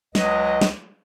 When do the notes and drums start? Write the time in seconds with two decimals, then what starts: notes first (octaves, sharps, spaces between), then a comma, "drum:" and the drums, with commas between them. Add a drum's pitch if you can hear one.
0.15 C#2 F#3 G#3 B4 D#5, drum: snare
0.61 drum: snare